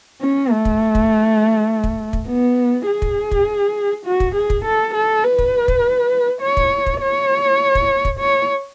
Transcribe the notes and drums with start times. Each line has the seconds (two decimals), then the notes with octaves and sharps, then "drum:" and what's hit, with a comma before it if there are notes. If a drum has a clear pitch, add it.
0.21 C#4
0.51 A3
0.65 drum: kick
0.95 drum: kick
1.84 drum: kick
2.13 drum: kick
2.28 B3
2.87 G#4
3.02 drum: kick
3.31 drum: kick
4.06 F#4
4.20 drum: kick
4.35 G#4
4.50 drum: kick
4.65 A4
4.94 A4
5.24 B4
5.39 drum: kick
5.68 drum: kick
6.41 C#5
6.57 drum: kick
6.86 drum: kick
7.01 C#5
7.75 drum: kick
8.05 drum: kick
8.19 C#5